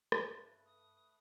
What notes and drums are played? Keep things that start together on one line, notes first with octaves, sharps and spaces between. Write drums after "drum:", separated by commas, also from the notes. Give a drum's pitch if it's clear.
G2 C#3 A3 B4, drum: rim click
A4 D#6